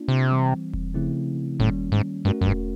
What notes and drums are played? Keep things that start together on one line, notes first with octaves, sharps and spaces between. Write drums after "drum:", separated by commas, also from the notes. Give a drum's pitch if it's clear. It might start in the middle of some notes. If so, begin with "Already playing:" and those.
Already playing: A#3 D4 F4
C3
E3 G3 C4
drum: kick E1
C#3 F3 A3 C4 E4
A2 D#3 G3 A#3 C#4, drum: kick E1
G#2
G2 A3 C#4 F#4 A#4
F#2
G2, drum: kick E1